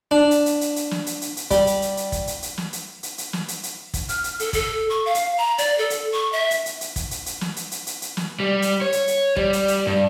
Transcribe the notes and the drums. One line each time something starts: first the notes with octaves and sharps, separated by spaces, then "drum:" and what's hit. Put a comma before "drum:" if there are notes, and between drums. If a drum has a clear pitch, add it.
D4
drum: hi-hat
drum: hi-hat
drum: hi-hat
drum: hi-hat
drum: snare
drum: hi-hat
drum: hi-hat
drum: hi-hat
G3, drum: kick, hi-hat
drum: hi-hat
drum: hi-hat
drum: hi-hat
drum: kick, hi-hat
drum: hi-hat
drum: hi-hat
drum: snare
drum: hi-hat
drum: hi-hat
drum: hi-hat
drum: snare
drum: hi-hat
drum: hi-hat
drum: kick, hi-hat
F6, drum: hi-hat
drum: hi-hat
A4, drum: hi-hat
A4, drum: kick, hi-hat
C#6
F5
drum: hi-hat
A#5
D5, drum: hi-hat
A4
drum: hi-hat
C#6
E5
drum: hi-hat
drum: hi-hat
drum: hi-hat
drum: kick, hi-hat
drum: hi-hat
drum: hi-hat
drum: snare
drum: hi-hat
drum: hi-hat
drum: hi-hat
drum: hi-hat
drum: snare
G3
drum: hi-hat
C#5
drum: hi-hat
drum: hi-hat
G3, drum: kick
drum: hi-hat
drum: hi-hat
G2